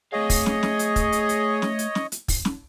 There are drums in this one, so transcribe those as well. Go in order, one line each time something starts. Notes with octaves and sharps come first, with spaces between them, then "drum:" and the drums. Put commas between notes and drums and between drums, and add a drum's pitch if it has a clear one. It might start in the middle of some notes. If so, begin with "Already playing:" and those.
A3 G#4 C#5 D#5 F5
drum: kick, open hi-hat
drum: snare
drum: snare
drum: hi-hat
drum: kick, hi-hat
drum: hi-hat
drum: hi-hat
drum: snare
drum: hi-hat
drum: snare
drum: hi-hat
drum: kick, open hi-hat
drum: snare